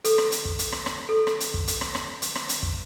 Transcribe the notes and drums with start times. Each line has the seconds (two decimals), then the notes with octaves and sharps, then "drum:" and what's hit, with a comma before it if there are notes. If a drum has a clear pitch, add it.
0.04 A4, drum: hi-hat
0.18 drum: rim click
0.32 drum: hi-hat
0.45 drum: kick
0.59 drum: hi-hat
0.72 drum: rim click
0.86 drum: rim click
1.09 A4
1.27 drum: rim click
1.40 drum: hi-hat
1.54 drum: kick
1.68 drum: hi-hat
1.81 drum: rim click
1.95 drum: rim click
2.22 drum: hi-hat
2.35 drum: rim click
2.49 drum: hi-hat
2.63 drum: kick